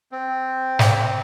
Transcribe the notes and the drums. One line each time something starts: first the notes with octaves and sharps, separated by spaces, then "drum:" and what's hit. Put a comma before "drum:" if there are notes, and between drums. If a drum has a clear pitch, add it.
C4
drum: snare